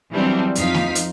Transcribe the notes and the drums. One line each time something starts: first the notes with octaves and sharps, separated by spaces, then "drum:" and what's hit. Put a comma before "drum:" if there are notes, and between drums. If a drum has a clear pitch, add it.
E3 F#3 G3 C4 D4
F2 F3 D#4 F5 B6, drum: hi-hat
drum: snare
drum: hi-hat